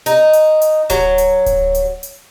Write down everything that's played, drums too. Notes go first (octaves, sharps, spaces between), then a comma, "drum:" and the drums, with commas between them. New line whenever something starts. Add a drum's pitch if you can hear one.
D#4, drum: hi-hat
drum: hi-hat
drum: hi-hat
F#3, drum: kick D1, hi-hat
drum: hi-hat
drum: kick D1, hi-hat
drum: hi-hat
drum: hi-hat